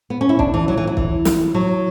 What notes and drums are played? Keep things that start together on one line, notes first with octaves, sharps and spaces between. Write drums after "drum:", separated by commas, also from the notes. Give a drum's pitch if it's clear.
B3
C#4
E4
D4, drum: kick
E3
F#3
E3
F#3
E3, drum: kick
drum: snare
F#3